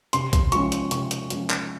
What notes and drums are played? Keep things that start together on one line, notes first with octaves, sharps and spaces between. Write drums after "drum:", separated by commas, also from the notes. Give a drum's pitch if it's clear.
C3 C6, drum: hi-hat
drum: kick, hi-hat
F3 G#3 C#4 C#6, drum: hi-hat
drum: hi-hat
C3 C#6, drum: hi-hat
drum: hi-hat
F3 G#3 C#4, drum: hi-hat
drum: clap